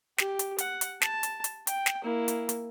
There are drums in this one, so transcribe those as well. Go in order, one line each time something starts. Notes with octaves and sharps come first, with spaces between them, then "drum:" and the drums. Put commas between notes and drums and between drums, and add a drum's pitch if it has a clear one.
G4, drum: snare
drum: hi-hat
F#5, drum: hi-hat
drum: hi-hat
A5, drum: snare
drum: hi-hat
drum: hi-hat
G5, drum: hi-hat
drum: snare
A#3 E4
drum: hi-hat
drum: hi-hat